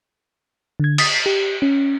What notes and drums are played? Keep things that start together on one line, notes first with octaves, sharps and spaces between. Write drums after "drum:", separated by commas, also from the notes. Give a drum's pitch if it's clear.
D3 G#6
D#6 A6 B6 C7, drum: cymbal
G4
C#4